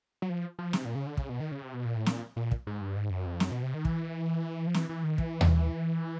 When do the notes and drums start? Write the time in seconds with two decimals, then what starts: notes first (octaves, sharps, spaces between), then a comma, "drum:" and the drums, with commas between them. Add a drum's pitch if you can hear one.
0.22 F#3
0.30 F3
0.59 F3
0.73 C3, drum: snare
0.85 A#2
0.95 C#3
1.07 D3
1.17 C#3, drum: kick
1.29 B2
1.40 D#3
1.52 C#3
1.62 C3
1.74 B2
1.85 A#2
1.96 A2
2.06 A#2, drum: snare
2.36 A#2
2.51 drum: kick
2.67 G#2
2.81 G2
2.96 G#2
3.10 F#2
3.26 F2
3.40 F#2, drum: snare
3.52 B2
3.63 C3
3.74 D#3
3.85 E3, drum: kick
4.67 F3
4.74 E3, drum: snare
4.89 E3
5.04 D#3
5.18 E3, drum: kick
5.41 drum: tom D#2